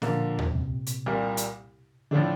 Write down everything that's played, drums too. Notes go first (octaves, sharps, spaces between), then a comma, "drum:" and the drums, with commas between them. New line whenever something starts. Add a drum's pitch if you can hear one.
A#2 D3 F3 A#3, drum: snare B3
drum: tom D#2
C3
drum: hi-hat
C2 A#2 G3 A#3
drum: hi-hat
A2 D3 F3 A3 D4